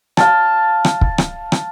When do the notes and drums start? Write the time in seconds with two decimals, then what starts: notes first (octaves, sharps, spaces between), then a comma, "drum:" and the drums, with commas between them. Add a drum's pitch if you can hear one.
0.17 F5 A5, drum: rim click
0.85 drum: rim click
1.01 drum: kick
1.18 drum: rim click
1.52 drum: rim click